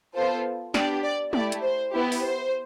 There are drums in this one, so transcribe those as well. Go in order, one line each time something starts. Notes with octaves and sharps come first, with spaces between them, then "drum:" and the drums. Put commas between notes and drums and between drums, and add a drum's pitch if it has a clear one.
B3 F4 A4 C5
B3 D4 G4 D5, drum: snare
D5
A3 E4 G4 D5, drum: tom
drum: hi-hat
C5
B3 E4 G4
drum: open hi-hat
C5